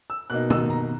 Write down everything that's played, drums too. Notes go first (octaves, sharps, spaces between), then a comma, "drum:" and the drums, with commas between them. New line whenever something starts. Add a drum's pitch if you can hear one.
E6
B2 A#3 D#4 F#6
E6, drum: tom
A#5